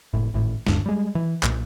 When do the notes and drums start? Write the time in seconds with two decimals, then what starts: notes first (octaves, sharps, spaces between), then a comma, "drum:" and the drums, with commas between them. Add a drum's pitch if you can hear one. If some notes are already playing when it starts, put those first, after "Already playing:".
0.13 F#1 A2
0.34 G#1 A2
0.67 D#1 D2 G2 D4, drum: snare
0.86 G3 G#3
1.15 E3
1.43 B1 A#2, drum: clap